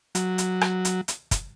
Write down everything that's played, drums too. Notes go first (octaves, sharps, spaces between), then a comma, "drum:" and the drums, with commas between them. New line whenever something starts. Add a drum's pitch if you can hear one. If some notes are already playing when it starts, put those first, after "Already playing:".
F#3, drum: hi-hat
drum: hi-hat
drum: rim click
drum: hi-hat
drum: hi-hat
drum: kick, hi-hat